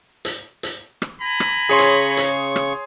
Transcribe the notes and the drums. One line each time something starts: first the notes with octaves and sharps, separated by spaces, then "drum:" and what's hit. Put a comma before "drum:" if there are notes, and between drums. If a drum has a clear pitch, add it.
drum: hi-hat
drum: hi-hat
drum: rim click
G#5 A#5 B5
drum: rim click
C#3 G#4 C#5 C6 C#6
drum: hi-hat
drum: hi-hat
drum: rim click